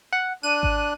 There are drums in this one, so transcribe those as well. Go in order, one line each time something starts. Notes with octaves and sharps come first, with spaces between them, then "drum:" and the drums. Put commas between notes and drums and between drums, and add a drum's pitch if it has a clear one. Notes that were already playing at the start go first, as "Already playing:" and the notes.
F#5
D4 F#6 D#7
drum: kick G#1